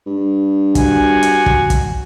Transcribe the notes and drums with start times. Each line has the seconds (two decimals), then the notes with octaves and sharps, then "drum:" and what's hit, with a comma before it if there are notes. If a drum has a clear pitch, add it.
0.06 G2
0.75 F#4 G#5, drum: kick, hi-hat
1.23 drum: hi-hat
1.46 drum: kick
1.70 drum: kick, hi-hat